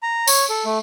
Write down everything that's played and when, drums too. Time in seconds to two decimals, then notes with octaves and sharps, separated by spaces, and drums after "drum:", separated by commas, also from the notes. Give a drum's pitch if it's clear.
0.03 A#5
0.27 C#5, drum: tambourine
0.50 A4
0.65 A3